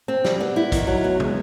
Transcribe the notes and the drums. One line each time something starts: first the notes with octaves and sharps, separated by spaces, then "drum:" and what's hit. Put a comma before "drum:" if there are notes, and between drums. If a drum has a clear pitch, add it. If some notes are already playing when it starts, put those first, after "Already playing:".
C4
G3, drum: snare
B3
E4
D#3, drum: kick, hi-hat
F#3
B3
G#3, drum: tom